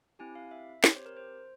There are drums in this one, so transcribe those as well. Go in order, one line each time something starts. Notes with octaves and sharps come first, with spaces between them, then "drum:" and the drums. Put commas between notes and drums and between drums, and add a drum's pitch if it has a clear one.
C4 E4 G4 G#5
F5
E5
C4 G4 C#5, drum: snare
C5
A#4
C5